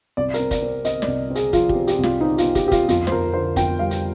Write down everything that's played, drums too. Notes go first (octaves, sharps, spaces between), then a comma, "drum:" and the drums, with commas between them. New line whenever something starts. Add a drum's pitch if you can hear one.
C2 D5
A#4, drum: hi-hat
C4
D5, drum: kick, hi-hat
C4
C4 D#5, drum: hi-hat
D5, drum: snare
C2
C4
G#4, drum: hi-hat
F3 F4, drum: kick, hi-hat
G4, drum: kick
C4
G4, drum: hi-hat
C2
F4, drum: snare
C4 D#4
F4, drum: hi-hat
C4
G4, drum: kick, hi-hat
C4 G4
F4, drum: kick, hi-hat
F2 F4, drum: hi-hat
C5, drum: snare
F2 A#4
D3 C5
F2 G5, drum: kick, hi-hat
G3 F5
drum: hi-hat